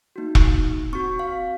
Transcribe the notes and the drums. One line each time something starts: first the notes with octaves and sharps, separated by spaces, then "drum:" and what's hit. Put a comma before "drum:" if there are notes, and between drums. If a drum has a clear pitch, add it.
A#3 D#4 F#4
drum: kick E1
C4 F#4 C#6
F5